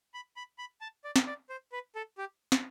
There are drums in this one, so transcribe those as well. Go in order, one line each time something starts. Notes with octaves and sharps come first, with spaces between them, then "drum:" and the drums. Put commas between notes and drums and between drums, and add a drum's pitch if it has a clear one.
B5
B5
B5
A5
D5
drum: snare
D5
C5
B4
A4
G4
drum: snare